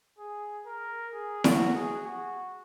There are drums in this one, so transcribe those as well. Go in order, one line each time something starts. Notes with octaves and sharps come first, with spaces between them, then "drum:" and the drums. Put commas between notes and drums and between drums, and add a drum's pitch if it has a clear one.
G#4
A#4
G#4
F#4, drum: snare E4
G#4
F#4